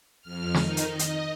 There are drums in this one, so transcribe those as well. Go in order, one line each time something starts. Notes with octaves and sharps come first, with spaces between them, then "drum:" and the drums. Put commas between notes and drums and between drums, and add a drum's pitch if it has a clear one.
F2 F6
D#3 D#4, drum: snare
drum: hi-hat
D#5
drum: hi-hat